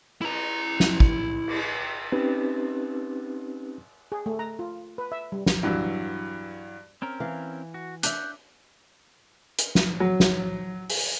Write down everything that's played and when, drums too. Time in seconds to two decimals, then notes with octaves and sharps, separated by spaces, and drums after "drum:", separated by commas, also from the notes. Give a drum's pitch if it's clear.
0.21 E4 A#5, drum: cymbal
0.80 drum: snare
1.00 drum: kick
1.48 drum: cymbal
2.12 C4 C#4 D#4 G4 B4
4.12 G#4
4.26 A3
4.39 A#5
4.59 F4
4.98 B4
5.12 E5
5.32 G3
5.46 drum: snare
5.63 G2 E3 F#3
7.02 C4 C#4 A#4
7.20 E3 F5
7.74 F#4
8.03 D4 E5 F#6 G6, drum: hi-hat
9.59 drum: hi-hat
9.75 drum: snare
10.00 F#3
10.20 drum: snare
10.90 drum: open hi-hat